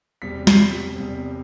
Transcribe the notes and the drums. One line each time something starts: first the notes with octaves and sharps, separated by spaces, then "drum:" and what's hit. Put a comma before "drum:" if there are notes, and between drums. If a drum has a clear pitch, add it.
E1 E2 C3 G3 B6
C7, drum: snare
B6
E1 E2 C3 G3